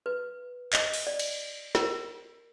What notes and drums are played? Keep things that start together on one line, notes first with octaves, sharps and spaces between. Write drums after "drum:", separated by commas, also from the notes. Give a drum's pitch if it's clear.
B4
D#5, drum: clap
drum: open hi-hat
D5
drum: cymbal
A#4, drum: snare